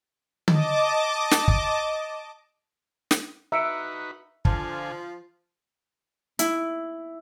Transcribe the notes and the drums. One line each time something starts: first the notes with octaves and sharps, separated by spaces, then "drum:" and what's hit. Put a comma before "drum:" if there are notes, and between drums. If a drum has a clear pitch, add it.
D#5 A5 D6, drum: tom D3
drum: snare
drum: kick
drum: snare
D#4 F#4 B4 E5 A#5 C#7 D7
D3 F3 F4 G#5 A5, drum: kick
E4, drum: hi-hat